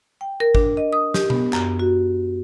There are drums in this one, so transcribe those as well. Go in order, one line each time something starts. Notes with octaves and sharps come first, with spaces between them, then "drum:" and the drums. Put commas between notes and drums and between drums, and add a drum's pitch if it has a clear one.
G5
A#4
D4, drum: kick G#1
D#5
D#6
G4, drum: snare
B3, drum: tom B2
F#2, drum: clap
F#4